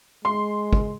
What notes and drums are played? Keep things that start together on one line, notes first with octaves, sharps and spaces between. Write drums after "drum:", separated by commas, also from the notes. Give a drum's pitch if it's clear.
G#3 C6
drum: kick